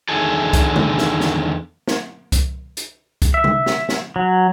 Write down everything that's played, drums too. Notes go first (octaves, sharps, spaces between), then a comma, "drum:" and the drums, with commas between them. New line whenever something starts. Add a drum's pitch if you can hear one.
E2 D3 D#3 G#4 A4
drum: kick C2, hi-hat
drum: tom C3
drum: snare
drum: snare
drum: snare
drum: kick C2, hi-hat
drum: hi-hat
drum: kick C2, hi-hat
E5
drum: tom C3
drum: snare
drum: snare
F#3